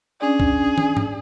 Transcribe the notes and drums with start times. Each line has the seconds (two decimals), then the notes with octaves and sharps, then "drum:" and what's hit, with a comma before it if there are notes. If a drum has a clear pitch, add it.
0.21 C#4 D4 G#4 D5
0.40 drum: kick C2
0.78 drum: tom
0.97 drum: tom G#2